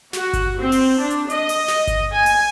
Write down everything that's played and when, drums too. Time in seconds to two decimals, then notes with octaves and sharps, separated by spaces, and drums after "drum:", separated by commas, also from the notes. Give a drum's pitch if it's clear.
0.13 F#4, drum: snare
0.33 drum: kick G1, hi-hat
0.59 C4
0.72 drum: open hi-hat
0.98 D4
1.10 drum: hi-hat
1.30 D#5, drum: hi-hat
1.49 drum: open hi-hat
1.68 drum: snare
1.87 drum: kick G1, hi-hat
2.15 G#5
2.26 drum: open hi-hat